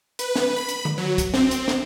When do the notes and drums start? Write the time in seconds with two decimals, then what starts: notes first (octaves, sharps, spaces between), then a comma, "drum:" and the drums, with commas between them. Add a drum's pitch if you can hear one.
0.19 B4, drum: hi-hat
0.36 drum: snare
0.56 B5
0.69 drum: hi-hat
0.85 drum: tom D3
0.98 F#3
1.18 drum: kick, hi-hat
1.34 C4, drum: snare
1.51 drum: hi-hat
1.68 drum: snare